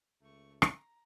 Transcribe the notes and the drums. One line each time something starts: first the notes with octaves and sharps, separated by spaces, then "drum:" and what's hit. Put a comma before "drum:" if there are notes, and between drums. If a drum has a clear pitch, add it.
C#2 A3 C#6
A#5, drum: rim click